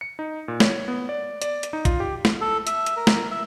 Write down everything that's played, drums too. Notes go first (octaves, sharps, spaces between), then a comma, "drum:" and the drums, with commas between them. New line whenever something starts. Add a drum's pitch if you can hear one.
C#7
D#4
A#2
C#5, drum: snare
B3
D5
D5, drum: hi-hat
drum: hi-hat
D#4
F4, drum: kick, hi-hat
G4
drum: snare
A4
E5, drum: hi-hat
drum: hi-hat
A#4
drum: snare
E5